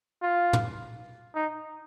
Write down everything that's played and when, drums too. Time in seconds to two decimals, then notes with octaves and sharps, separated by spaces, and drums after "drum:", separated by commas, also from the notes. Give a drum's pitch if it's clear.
0.22 F4
0.53 drum: tom
1.34 D#4